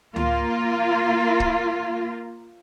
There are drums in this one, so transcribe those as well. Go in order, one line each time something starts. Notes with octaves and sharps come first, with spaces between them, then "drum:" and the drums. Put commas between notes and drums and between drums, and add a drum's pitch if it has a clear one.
A#3 F4, drum: tom C#2
drum: kick